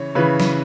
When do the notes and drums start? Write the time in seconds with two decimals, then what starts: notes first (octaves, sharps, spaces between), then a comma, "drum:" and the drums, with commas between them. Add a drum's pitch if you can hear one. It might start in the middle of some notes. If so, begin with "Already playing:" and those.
Already playing: C#3 E3 C#5
0.15 C#3 E3 B4
0.40 drum: snare